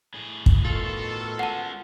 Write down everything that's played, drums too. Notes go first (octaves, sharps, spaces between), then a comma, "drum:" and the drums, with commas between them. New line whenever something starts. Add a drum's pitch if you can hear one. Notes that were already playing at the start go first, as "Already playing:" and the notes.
A2 G#4
drum: kick
B2 D#3 F4 A4
G#3 C#4 F#5 A5